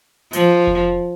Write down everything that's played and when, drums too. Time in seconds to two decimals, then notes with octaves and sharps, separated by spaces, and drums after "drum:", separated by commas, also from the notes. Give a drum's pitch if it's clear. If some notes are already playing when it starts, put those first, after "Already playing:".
0.33 F3, drum: hi-hat
0.67 drum: kick F1